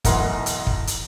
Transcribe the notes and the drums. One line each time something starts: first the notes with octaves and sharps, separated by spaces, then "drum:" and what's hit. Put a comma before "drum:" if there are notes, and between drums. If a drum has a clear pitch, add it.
B1 E3 A#4 D#5 F#5 C6, drum: kick, hi-hat
drum: hi-hat
drum: kick
drum: hi-hat